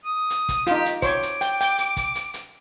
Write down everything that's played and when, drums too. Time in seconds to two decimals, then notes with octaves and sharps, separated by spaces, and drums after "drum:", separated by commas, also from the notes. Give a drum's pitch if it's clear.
0.05 D#6
0.30 drum: hi-hat
0.49 drum: kick, hi-hat
0.67 D#4 F4 G4, drum: hi-hat
0.86 drum: hi-hat
1.02 C5 C#5 D6, drum: kick, hi-hat
1.23 drum: hi-hat
1.41 G5, drum: hi-hat
1.61 G5, drum: hi-hat
1.78 drum: hi-hat
1.97 drum: kick, hi-hat
2.15 drum: hi-hat
2.34 drum: hi-hat